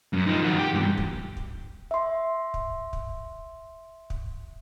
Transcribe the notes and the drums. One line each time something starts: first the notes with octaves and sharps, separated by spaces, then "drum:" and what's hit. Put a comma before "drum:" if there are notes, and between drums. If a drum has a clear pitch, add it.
F#2
F3 D#4
D#3 F#4
G4
E2 G2
drum: kick
drum: kick
E5 C6
drum: kick
drum: kick
drum: kick